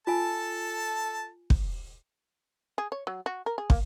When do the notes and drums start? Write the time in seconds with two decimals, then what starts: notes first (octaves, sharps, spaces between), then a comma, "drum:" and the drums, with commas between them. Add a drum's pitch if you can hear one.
0.07 F4 A4 G#5 A5
1.50 drum: kick
2.78 G#4
2.92 C#5
3.07 F#3
3.26 F#4
3.46 A#4
3.58 G#4
3.70 A#3, drum: kick